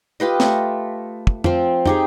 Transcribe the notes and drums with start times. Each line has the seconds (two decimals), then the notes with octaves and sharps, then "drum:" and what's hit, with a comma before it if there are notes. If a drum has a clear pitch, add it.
0.20 F4 G4 B4 D#5
0.40 A3, drum: snare
1.27 drum: kick
1.44 F3 C4, drum: tom
1.86 D#4 G4 G#4, drum: tom